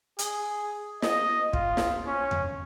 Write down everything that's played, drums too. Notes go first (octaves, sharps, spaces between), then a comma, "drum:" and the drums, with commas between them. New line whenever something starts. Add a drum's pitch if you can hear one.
G#4, drum: hi-hat
D#5, drum: snare
F4, drum: kick
drum: snare
C#4
drum: tom E2